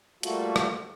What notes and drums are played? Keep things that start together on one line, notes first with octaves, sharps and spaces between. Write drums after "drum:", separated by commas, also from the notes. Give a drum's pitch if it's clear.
G3 A3 A#3 F4 F#4 A4, drum: hi-hat
drum: rim click